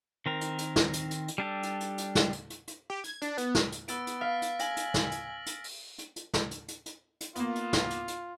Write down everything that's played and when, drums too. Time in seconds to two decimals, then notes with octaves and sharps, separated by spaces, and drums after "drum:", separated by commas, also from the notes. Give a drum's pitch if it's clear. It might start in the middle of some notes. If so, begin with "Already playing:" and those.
0.26 D#3 C4 A#4
0.41 drum: hi-hat
0.58 drum: hi-hat
0.76 drum: snare
0.93 drum: hi-hat
1.11 drum: hi-hat
1.28 drum: hi-hat
1.38 G3 D4 G4 A4
1.63 drum: hi-hat
1.80 drum: hi-hat
1.98 drum: hi-hat
2.15 drum: snare
2.33 drum: hi-hat
2.50 drum: hi-hat
2.68 drum: hi-hat
2.90 G4
3.04 G#6, drum: hi-hat
3.22 D4, drum: hi-hat
3.38 B3, drum: hi-hat
3.55 drum: snare
3.72 drum: hi-hat
3.88 B3 E6 A6 D7, drum: hi-hat
4.07 drum: hi-hat
4.21 F5 F6 B6
4.42 drum: hi-hat
4.59 G#5 A#6 F#7, drum: hi-hat
4.77 drum: hi-hat
4.94 drum: snare
5.12 drum: hi-hat
5.46 drum: hi-hat
5.64 drum: open hi-hat
5.99 drum: hi-hat
6.16 drum: hi-hat
6.33 drum: snare
6.51 drum: hi-hat
6.68 drum: hi-hat
6.86 drum: hi-hat
7.21 drum: hi-hat
7.35 A#3 B3 F4, drum: hi-hat
7.55 drum: hi-hat
7.73 drum: snare
7.90 drum: hi-hat
8.08 drum: hi-hat